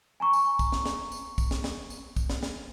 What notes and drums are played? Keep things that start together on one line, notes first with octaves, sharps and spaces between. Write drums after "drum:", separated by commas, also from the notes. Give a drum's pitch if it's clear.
G#5 A#5 C#6
drum: tambourine
drum: kick, tambourine
drum: snare
drum: snare
drum: tambourine
drum: kick, tambourine
drum: snare
drum: snare
drum: tambourine
drum: kick, tambourine
drum: snare
drum: snare